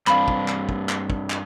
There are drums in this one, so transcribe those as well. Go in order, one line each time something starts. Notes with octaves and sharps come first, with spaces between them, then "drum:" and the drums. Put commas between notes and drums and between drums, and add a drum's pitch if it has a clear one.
G2 C4 D4 F5 B5, drum: clap
drum: kick
drum: clap
drum: kick
drum: clap
drum: kick
drum: clap